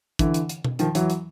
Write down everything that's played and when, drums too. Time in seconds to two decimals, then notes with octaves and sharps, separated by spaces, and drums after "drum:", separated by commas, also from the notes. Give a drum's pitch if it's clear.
0.19 D3 E3, drum: kick, hi-hat
0.34 drum: hi-hat
0.49 drum: hi-hat
0.64 drum: tom B2
0.79 D#3 F3, drum: hi-hat
0.95 E3 F#3, drum: hi-hat
1.10 drum: hi-hat